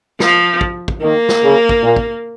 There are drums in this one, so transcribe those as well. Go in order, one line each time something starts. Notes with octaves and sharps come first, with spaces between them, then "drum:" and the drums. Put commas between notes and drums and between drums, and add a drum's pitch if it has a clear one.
F3, drum: snare
drum: kick
drum: kick
D#3 A#3
drum: snare
C#3
drum: kick
A#2
drum: kick